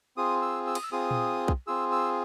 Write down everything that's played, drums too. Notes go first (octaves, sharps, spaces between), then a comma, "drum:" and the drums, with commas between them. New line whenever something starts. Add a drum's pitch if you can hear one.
C4 F4 G#4 D#6
E6
E6
D#6, drum: cymbal
E6
C4 F4 G#4 D#6
drum: tom A#2
drum: kick
C4 F4 G#4 E6
E6